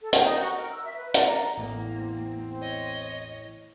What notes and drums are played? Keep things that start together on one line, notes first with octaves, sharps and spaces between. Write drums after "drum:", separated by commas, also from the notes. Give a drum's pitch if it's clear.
A4
G5, drum: hi-hat
D#4
F#4
A#4
E6
E5
B4
D5, drum: hi-hat
A#5
A1 E2 A#3
C4
C#5 D#5